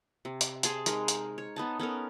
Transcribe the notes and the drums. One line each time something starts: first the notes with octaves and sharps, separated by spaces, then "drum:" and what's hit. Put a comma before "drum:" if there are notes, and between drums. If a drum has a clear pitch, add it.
C3
drum: hi-hat
G#4 A5 C6, drum: hi-hat
G#3 D#4 A#4, drum: hi-hat
drum: hi-hat
C#5
B3 D#4 A5
B3 C#4 A4 A#4